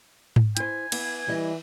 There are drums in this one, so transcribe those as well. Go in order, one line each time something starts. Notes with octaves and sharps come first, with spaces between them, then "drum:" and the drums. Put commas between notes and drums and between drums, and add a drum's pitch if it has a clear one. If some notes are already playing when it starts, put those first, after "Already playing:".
drum: tom G#2
E4 C5 G#5, drum: hi-hat
B3 E4, drum: cymbal
E3 G3 E4 D#5